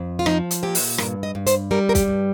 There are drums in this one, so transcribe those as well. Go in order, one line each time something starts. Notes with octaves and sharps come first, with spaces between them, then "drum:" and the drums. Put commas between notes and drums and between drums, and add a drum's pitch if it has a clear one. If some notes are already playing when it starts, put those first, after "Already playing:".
Already playing: F2
F4
F3 D#4, drum: rim click
drum: hi-hat
A#2 G4
drum: open hi-hat
G2 A#4, drum: rim click
D#5
G2
C5, drum: hi-hat
G3 A#4
A#4
G4, drum: kick, hi-hat
G2